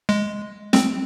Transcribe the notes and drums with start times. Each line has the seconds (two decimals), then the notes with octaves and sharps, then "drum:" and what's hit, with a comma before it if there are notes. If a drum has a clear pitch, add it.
0.09 G#3
0.73 C4, drum: snare